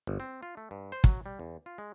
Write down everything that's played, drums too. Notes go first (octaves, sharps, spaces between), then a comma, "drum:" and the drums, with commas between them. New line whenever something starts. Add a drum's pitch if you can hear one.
G1
C4
F4
A3
G2
C5
F#3, drum: kick
G3
E2
F4
G#3